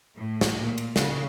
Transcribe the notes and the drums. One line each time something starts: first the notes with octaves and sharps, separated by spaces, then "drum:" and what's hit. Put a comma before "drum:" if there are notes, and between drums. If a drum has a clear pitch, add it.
A2
drum: snare
A#2
drum: cymbal
C#3, drum: snare